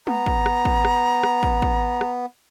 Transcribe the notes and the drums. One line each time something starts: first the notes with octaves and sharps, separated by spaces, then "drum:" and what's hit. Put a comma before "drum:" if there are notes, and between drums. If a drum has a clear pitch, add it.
B3 A#5, drum: tom G#3
drum: kick
drum: rim click
drum: kick
drum: rim click
drum: rim click
drum: kick
drum: kick
drum: rim click